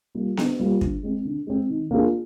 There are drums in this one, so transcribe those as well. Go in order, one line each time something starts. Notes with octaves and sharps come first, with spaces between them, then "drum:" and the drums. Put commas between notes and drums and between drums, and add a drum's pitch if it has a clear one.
G3 A#3 F4
D3, drum: snare B3
G3 A#3 F4
D3, drum: kick
G#3 C4
D3
G#3 C4
D#3
A#3 D4 F4 G#4